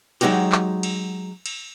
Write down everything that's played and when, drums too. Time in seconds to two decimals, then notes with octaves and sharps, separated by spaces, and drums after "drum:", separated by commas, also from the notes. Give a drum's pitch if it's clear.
0.21 F#3 G#3 D#4 F#4 G4, drum: cymbal
0.52 drum: clap
0.83 drum: cymbal
1.46 drum: cymbal